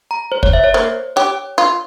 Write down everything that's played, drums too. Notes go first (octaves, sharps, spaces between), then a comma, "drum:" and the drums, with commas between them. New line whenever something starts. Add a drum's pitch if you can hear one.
A#5
C5
C#5, drum: kick
E5
C#5
A#3 C5
G4 C#5
F4